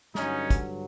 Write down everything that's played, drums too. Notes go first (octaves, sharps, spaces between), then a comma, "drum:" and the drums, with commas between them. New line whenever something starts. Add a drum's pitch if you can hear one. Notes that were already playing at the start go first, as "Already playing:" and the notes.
G2 D3 F#3 C#4 D#4, drum: snare
drum: kick, hi-hat